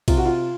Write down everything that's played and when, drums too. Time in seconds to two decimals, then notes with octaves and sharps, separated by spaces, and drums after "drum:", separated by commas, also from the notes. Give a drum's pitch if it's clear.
0.08 C3 F4, drum: kick, cymbal
0.17 F#4
0.25 F4